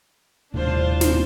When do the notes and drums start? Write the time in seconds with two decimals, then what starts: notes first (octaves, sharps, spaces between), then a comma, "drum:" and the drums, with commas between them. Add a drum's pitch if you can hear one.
0.54 D#1 C2 A2 D4 F4 C5
1.01 drum: snare